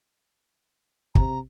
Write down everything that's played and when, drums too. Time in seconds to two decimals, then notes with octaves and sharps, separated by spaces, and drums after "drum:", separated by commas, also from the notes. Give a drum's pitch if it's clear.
1.15 C3 A#5, drum: kick